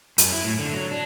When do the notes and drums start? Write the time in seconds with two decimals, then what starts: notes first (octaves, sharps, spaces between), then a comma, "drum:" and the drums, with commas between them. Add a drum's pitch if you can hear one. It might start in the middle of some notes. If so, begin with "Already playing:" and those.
0.18 F#2, drum: hi-hat
0.32 E4
0.44 A2
0.59 D3
0.73 F#3
0.91 D4